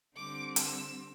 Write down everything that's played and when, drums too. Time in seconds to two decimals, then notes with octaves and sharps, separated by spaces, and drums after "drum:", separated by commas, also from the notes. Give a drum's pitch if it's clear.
0.16 D3 G3 C4 D6
0.56 E6, drum: hi-hat